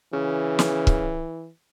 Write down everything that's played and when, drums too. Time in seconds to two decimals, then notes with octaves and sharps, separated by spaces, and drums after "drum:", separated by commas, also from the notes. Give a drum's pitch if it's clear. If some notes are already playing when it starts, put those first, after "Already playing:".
0.13 C#3 E3
0.59 drum: snare
0.87 drum: kick